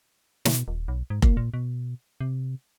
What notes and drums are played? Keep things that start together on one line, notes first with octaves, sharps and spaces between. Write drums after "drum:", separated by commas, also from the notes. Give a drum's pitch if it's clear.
B2, drum: snare
D#1
B1
G#2
A#3, drum: kick F1
A#2
B2
C3